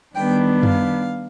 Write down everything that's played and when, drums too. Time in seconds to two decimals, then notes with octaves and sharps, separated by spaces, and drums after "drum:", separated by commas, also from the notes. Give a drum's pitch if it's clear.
0.15 D#3 G3 B3 D4 G5
0.63 F5, drum: tom F#2